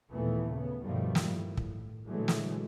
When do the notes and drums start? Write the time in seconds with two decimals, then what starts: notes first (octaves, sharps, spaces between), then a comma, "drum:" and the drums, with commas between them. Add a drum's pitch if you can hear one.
0.12 D#2 A#2 E3 A3 B3
0.52 C#3 B3
0.83 G2 B2 D#3 F3 G3 A3
1.15 drum: snare
1.29 A2
1.57 drum: kick
2.07 A#2 D3 E3 F#3 G#3 A3
2.28 drum: snare